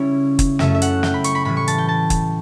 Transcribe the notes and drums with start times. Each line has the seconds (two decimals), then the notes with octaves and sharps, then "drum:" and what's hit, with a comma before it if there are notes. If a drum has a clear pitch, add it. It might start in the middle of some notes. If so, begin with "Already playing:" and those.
Already playing: C#3 G3 C#4 E4 C#5
0.39 drum: kick, hi-hat
0.59 F#2 C#3 F#3 A3 C#4 E5, drum: snare
0.74 E5
0.82 F#5, drum: hi-hat
1.03 G5, drum: snare
1.14 B5
1.24 C#6, drum: hi-hat
1.35 B5
1.45 A2 E3 G3 B5
1.57 C#6
1.68 A5, drum: hi-hat
1.78 G5
1.89 A5
2.10 drum: kick, hi-hat